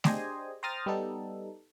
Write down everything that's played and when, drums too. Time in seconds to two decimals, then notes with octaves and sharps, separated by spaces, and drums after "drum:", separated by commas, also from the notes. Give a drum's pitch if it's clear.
0.04 D4 G4 G#4 C5 D#5 G#5, drum: snare A3
0.63 C5 G5 A#5 D#6 F6 A6
0.86 G3 B3 D#4 A4